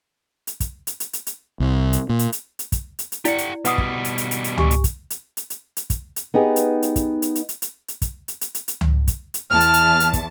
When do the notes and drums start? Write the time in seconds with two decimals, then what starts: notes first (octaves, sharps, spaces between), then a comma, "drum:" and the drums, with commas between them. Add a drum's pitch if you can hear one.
0.47 drum: hi-hat
0.60 drum: kick, hi-hat
0.87 drum: hi-hat
1.00 drum: hi-hat
1.13 drum: hi-hat
1.27 drum: hi-hat
1.60 C2
1.93 drum: hi-hat
2.09 A#2
2.19 drum: hi-hat
2.32 drum: hi-hat
2.59 drum: hi-hat
2.72 drum: kick, hi-hat
2.99 drum: hi-hat
3.12 drum: hi-hat
3.25 E4 G4 D5 F#5, drum: hi-hat
3.38 drum: hi-hat
3.65 B2 G3 B4 F#5 D#6, drum: hi-hat
3.78 drum: kick
4.05 drum: hi-hat
4.18 drum: hi-hat
4.31 drum: hi-hat
4.44 drum: hi-hat
4.58 G4 G#5, drum: tom C#2
4.71 drum: hi-hat
4.84 drum: kick, hi-hat
5.10 drum: hi-hat
5.37 drum: hi-hat
5.50 drum: hi-hat
5.77 drum: hi-hat
5.90 drum: kick, hi-hat
6.16 drum: hi-hat
6.34 B3 D#4 G4 G#4
6.56 drum: hi-hat
6.82 drum: hi-hat
6.96 drum: kick, hi-hat
7.22 drum: hi-hat
7.35 drum: hi-hat
7.49 drum: hi-hat
7.62 drum: hi-hat
7.88 drum: hi-hat
8.02 drum: kick, hi-hat
8.28 drum: hi-hat
8.41 drum: hi-hat
8.55 drum: hi-hat
8.68 drum: hi-hat
8.81 drum: tom C#2
9.07 drum: kick, hi-hat
9.34 drum: hi-hat
9.51 E2 A5 F6
9.60 drum: hi-hat
9.74 drum: hi-hat
10.00 drum: hi-hat
10.13 drum: kick, hi-hat